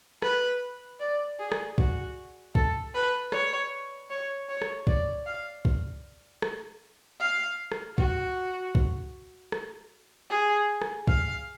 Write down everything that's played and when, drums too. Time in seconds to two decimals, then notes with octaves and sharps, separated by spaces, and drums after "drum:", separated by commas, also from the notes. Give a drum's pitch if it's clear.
0.22 B4, drum: rim click
1.00 D5
1.39 G#4
1.52 drum: rim click
1.78 F#4, drum: kick
2.55 A4, drum: kick
2.94 B4
3.32 C#5, drum: rim click
4.10 C#5
4.49 C#5
4.62 drum: rim click
4.87 D5, drum: kick
5.26 F5
5.65 drum: kick
6.42 drum: rim click
7.20 F5
7.72 drum: rim click
7.98 F#4, drum: kick
8.75 drum: kick
9.52 drum: rim click
10.30 G#4
10.82 drum: rim click
11.07 F5, drum: kick